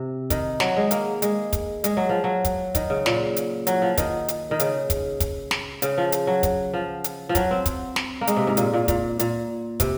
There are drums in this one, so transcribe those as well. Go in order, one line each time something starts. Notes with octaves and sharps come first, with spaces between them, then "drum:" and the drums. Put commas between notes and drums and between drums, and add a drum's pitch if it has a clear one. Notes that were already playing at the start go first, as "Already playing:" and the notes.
Already playing: C3
D#3, drum: kick, hi-hat
F#3, drum: snare
G#3
A#3, drum: hi-hat
G#3, drum: hi-hat
drum: kick, hi-hat
G#3, drum: hi-hat
F#3
F3
F#3
drum: kick, hi-hat
D#3, drum: kick, hi-hat
C#3
A#2, drum: snare
drum: hi-hat
F#3, drum: hi-hat
F3
D#3, drum: kick, hi-hat
drum: hi-hat
D#3
C#3, drum: hi-hat
drum: kick, hi-hat
drum: kick, hi-hat
drum: snare
C#3, drum: hi-hat
F3
drum: hi-hat
F#3
drum: kick, hi-hat
F3
drum: hi-hat
F3
F#3, drum: kick, hi-hat
C4
drum: kick, hi-hat
drum: snare
A#3
G#3, drum: hi-hat
C3
G#2
A#2, drum: hi-hat
A#2
A#2, drum: kick, hi-hat
A#2, drum: hi-hat
C3, drum: kick, hi-hat